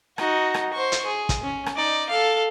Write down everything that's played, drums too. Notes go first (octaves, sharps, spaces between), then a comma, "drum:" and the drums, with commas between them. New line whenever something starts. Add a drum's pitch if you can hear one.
D#4 F#4, drum: rim click
drum: rim click
C5 C#6
drum: hi-hat
G#4
drum: kick, hi-hat
C#4
drum: rim click
D#4 D5
A4 F5